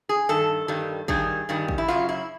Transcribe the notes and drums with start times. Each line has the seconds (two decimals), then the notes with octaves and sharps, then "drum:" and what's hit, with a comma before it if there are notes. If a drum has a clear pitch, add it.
0.09 G#4
0.29 G2 D#3 A4
0.68 G2 D#3 G3
1.08 G2 D#3 G3 G#4, drum: kick
1.49 G2 D#3 G3
1.68 drum: kick
1.78 E4
1.88 F#2 C#3 F#3 F4
2.09 E4